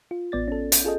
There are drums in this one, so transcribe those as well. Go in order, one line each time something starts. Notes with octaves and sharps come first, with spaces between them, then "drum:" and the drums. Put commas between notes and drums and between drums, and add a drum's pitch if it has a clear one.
F4
A1 B3 D5 A6
C#4 A4
G6, drum: hi-hat
F4 G#4 A4 D#5